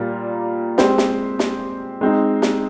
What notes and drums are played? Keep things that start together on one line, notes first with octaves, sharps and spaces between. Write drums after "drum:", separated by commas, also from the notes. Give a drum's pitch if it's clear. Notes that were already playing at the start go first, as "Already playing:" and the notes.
Already playing: A#2 G3 A#3 F4
G#3 C4 G4 C5, drum: snare
drum: snare
drum: snare
G#3 C4 D#4
drum: snare